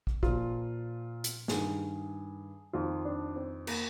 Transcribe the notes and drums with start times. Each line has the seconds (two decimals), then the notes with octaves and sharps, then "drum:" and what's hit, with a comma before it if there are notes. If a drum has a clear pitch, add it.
0.07 drum: kick
0.23 A#2 F3 F4, drum: kick
1.24 drum: hi-hat
1.48 G2 D#3 G#4, drum: snare
2.73 F2 D#3 F4
3.05 D4
3.36 C4
3.67 A#3, drum: cymbal